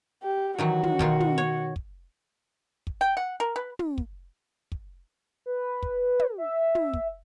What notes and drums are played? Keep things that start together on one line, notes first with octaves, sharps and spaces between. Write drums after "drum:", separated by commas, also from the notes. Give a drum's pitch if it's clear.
G4
D#3 E3 F#3 F#4
drum: tom
B2 D#3 F4, drum: kick
drum: tom
C#5
drum: kick
drum: kick
G5
F#5
A#4
B4
drum: tom
drum: kick
drum: kick
B4
drum: kick
drum: tom
E5
drum: tom
drum: kick